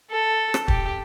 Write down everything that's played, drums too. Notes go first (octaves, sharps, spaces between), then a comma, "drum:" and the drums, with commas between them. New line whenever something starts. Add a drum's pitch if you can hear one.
A4
drum: rim click
G4, drum: kick